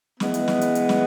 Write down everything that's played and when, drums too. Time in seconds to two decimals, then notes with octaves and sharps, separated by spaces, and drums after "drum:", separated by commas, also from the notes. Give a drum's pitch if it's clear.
0.20 E3 G#3 B3, drum: snare
0.34 drum: hi-hat
0.48 drum: snare
0.61 drum: hi-hat
0.75 drum: hi-hat
0.89 drum: snare